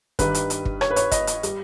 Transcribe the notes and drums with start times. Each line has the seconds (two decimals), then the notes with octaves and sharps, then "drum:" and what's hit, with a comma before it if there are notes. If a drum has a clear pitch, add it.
0.19 G2 D#3 G3 B4, drum: kick, hi-hat
0.35 drum: hi-hat
0.50 drum: hi-hat
0.65 drum: kick
0.81 C#5, drum: rim click
0.91 B4
0.96 C#5, drum: hi-hat
1.11 D#5, drum: kick, hi-hat
1.27 drum: hi-hat
1.43 G3, drum: hi-hat